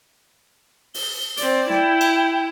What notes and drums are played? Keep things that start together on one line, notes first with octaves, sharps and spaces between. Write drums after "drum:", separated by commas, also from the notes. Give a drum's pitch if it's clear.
G7, drum: open hi-hat
C4 D5, drum: hi-hat
E4 G5, drum: snare
drum: cymbal